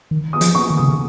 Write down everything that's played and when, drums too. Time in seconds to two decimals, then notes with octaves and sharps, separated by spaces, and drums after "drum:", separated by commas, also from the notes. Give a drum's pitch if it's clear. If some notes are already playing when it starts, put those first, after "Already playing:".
0.11 D#3
0.33 D#6
0.41 F3, drum: hi-hat
0.55 C#6
0.70 D#3
0.77 C#3 D#6
0.89 D#3